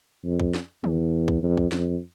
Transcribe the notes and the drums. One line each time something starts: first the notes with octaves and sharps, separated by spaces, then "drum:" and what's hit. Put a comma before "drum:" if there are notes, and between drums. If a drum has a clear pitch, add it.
F2
drum: kick
drum: snare
E2, drum: tom
drum: kick
F2
drum: kick
F2, drum: snare